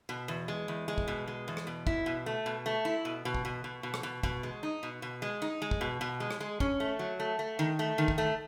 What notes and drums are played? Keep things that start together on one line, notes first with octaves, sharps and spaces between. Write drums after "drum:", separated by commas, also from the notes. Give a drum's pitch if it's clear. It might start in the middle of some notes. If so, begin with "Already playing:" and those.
B2
E2
G#3
E2
G#3
drum: kick
B2
G#3
E2
drum: rim click
B2
E4, drum: kick
B2
A3
B2
A3
E4
B2
B2
drum: kick
B2
B2
B2
drum: rim click
B2
B2, drum: kick
G#3
D#4
B2
B2
G#3
D#4
G#3
drum: kick
B2
B2
G#3
drum: rim click
G#3
C#4, drum: kick
A3
F#3
A3
A3
D#3
A3
D#3
drum: kick
A3